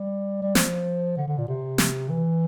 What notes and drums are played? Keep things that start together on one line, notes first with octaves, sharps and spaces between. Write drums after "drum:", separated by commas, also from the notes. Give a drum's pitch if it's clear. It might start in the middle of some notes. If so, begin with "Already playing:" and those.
Already playing: G3
G3
F3, drum: snare
D3
D3
A#2
C3
drum: snare
E3